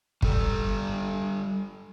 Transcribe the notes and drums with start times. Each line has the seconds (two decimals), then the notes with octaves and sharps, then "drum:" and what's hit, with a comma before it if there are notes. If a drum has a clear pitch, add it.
0.22 G3 A4, drum: kick